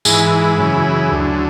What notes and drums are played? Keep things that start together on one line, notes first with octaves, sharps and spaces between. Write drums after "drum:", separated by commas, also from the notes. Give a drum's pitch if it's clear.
G#2 E3 E4 G#4, drum: tambourine
F#2 C#3 E3
D2 D3 F#3